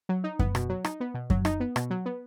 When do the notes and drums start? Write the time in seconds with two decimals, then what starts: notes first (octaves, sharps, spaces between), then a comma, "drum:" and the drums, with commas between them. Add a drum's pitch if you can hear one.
0.09 F#3
0.24 D#4
0.39 B3, drum: kick F#2
0.55 B2, drum: rim click
0.69 F#3
0.84 D#4, drum: rim click
1.00 B3
1.14 B2
1.30 F#3, drum: kick F#2
1.45 D#4, drum: rim click
1.60 B3
1.76 B2, drum: rim click
1.90 F#3
2.06 B3